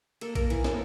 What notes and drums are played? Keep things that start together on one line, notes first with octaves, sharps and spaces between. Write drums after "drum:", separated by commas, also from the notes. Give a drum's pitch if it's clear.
A#3 A4, drum: cymbal
A#3 A#4, drum: kick A#1, cymbal
E3, drum: cymbal
A#3 A4, drum: snare